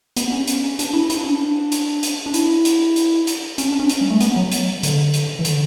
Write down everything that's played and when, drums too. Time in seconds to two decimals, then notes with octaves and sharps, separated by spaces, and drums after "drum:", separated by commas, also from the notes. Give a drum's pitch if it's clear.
0.16 B3, drum: hi-hat
0.32 C#4
0.47 drum: hi-hat
0.79 D4, drum: hi-hat
0.93 E4
1.10 E4, drum: hi-hat
1.17 D4
1.25 C#4
1.33 D4
1.72 drum: hi-hat
2.03 drum: hi-hat
2.26 D4
2.34 E4, drum: hi-hat
2.65 drum: hi-hat
2.96 drum: hi-hat
3.27 drum: hi-hat
3.58 C#4, drum: hi-hat
3.68 D4
3.79 C#4
3.89 drum: hi-hat
4.01 G3
4.10 A3
4.21 B3, drum: hi-hat
4.36 F#3
4.52 drum: hi-hat
4.83 D3, drum: hi-hat
5.14 drum: hi-hat
5.39 E3
5.45 D3, drum: hi-hat